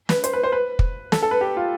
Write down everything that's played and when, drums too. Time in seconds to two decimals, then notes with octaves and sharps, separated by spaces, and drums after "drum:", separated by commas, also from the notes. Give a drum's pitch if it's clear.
0.09 B4, drum: snare
0.24 C5, drum: hi-hat
0.33 B4
0.43 C5
0.52 B4
0.79 drum: kick
1.12 A4, drum: snare
1.22 A4
1.31 B4
1.41 G4
1.57 F4